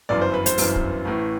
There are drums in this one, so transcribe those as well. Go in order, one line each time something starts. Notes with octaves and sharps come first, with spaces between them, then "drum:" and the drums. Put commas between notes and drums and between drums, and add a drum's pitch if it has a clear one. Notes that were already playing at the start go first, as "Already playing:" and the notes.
G1 F#2 E3 D5
C5
B4
C5, drum: hi-hat
G1 F#2 E3, drum: open hi-hat
drum: kick
A1 A2 E3